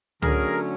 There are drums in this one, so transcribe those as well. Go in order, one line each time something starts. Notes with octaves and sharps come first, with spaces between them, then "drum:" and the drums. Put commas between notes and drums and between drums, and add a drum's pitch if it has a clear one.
D3 F#3 A3 C#4 G#4 A#4, drum: tom